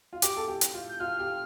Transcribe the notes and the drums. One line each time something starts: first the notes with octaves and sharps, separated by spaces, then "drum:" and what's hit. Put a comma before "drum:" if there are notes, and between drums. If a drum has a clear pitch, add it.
F4
G4 D6, drum: hi-hat
A4
G4
drum: hi-hat
F4
G6
F4 F6
G4